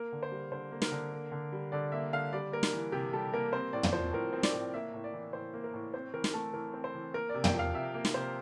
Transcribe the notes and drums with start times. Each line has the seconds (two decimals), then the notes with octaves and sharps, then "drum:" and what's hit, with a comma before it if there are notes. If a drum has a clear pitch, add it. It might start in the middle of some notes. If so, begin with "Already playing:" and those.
Already playing: A#3 A#4
0.12 D3
0.23 C5
0.32 G3
0.52 D3 C5
0.72 A#3
0.82 A#4, drum: snare
0.92 D3
1.12 A#3
1.32 D3
1.53 G3
1.72 D3 D5
1.92 A#3 E5
2.13 D3 F5
2.33 G3 D5
2.52 A#3 A#4
2.63 drum: snare
2.73 E3
2.92 C3 G4
3.13 G3 A4
3.33 A#3 A#4
3.53 C4 C5
3.73 A2 D5
3.83 drum: tom
3.93 F3 C5
4.13 A2 A#4
4.33 C4
4.43 D5, drum: snare
4.54 A2
4.74 A#3 E5
4.94 A2
5.04 D5
5.14 E3
5.33 A2 C5
5.54 A#3
5.64 A#4
5.74 A2
5.93 C4 C5
6.14 E3 A#4
6.24 drum: snare
6.34 A3 A4
6.54 E3 A#4
6.74 C4
6.84 C5
6.95 E3
7.14 A#3 A#4
7.29 D5
7.35 C3
7.44 G5, drum: tom
7.54 F3 F5
7.74 C3 E5
7.94 A#3
8.05 drum: snare
8.14 C3 C5